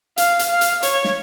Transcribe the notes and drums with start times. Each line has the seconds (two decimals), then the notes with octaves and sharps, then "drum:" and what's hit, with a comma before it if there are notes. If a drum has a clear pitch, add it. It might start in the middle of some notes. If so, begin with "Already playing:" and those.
0.18 F5, drum: hi-hat
0.39 drum: hi-hat
0.50 F5
0.61 drum: hi-hat
0.83 C#5, drum: hi-hat
1.04 drum: snare